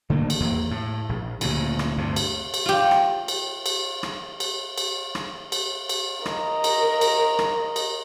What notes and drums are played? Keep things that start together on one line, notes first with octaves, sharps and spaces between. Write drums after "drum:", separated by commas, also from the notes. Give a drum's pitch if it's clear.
D3 D#3 A3 A#3
drum: cymbal
E2 A#3
A2
A#1
D2 A#2 C#3, drum: cymbal
drum: rim click
D2 G2 C3
drum: cymbal
drum: cymbal
F4 G4
drum: rim click
drum: cymbal
drum: cymbal
drum: rim click
drum: cymbal
drum: cymbal
drum: rim click
drum: cymbal
drum: cymbal
A#4 D#5, drum: rim click
drum: cymbal
drum: cymbal
drum: rim click
drum: cymbal